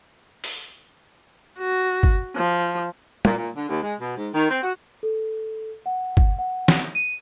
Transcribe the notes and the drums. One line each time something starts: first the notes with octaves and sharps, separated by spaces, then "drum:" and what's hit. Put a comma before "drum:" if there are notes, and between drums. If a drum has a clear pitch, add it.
drum: open hi-hat
F#4
drum: kick
F3
A#2, drum: tom
A#2
D3
D#2
G#3
B2
G#2
D#3
C4
F#4
A4
F#5
drum: kick
F#5
drum: snare
D#7